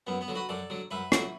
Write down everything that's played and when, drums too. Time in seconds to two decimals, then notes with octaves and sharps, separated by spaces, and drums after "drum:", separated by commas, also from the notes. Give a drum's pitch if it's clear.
0.07 F#2 B3
0.21 B3
0.28 D3 F#3
0.35 F#4 B4
0.49 F#2 A4 D5
0.70 D3 F#3
0.91 F#2 B4 E5
1.12 D3 F#3, drum: rim click